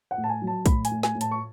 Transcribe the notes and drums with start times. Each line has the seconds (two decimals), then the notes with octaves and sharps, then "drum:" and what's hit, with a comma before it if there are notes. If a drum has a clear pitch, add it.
0.11 F#5
0.18 A2
0.24 A5
0.30 G#5
0.41 F#3
0.47 A5
0.66 A2 B5, drum: kick, hi-hat
0.85 G#5, drum: hi-hat
0.91 A2
1.03 G#5, drum: snare
1.15 A2
1.21 A5, drum: hi-hat
1.31 C#6